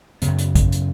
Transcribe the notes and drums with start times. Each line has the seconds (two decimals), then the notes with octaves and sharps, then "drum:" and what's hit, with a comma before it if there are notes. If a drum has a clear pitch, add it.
0.22 F#2 C#3 B3, drum: hi-hat
0.39 drum: hi-hat
0.55 drum: kick, hi-hat
0.72 drum: hi-hat